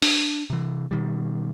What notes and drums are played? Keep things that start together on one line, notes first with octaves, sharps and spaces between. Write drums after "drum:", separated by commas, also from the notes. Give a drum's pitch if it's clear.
D4, drum: open hi-hat
C3 E3
B2 D#3 G3